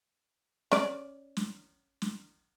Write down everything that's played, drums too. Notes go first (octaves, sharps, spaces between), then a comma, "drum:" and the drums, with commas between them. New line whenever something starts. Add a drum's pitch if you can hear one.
C#4 D5, drum: snare
drum: snare
drum: snare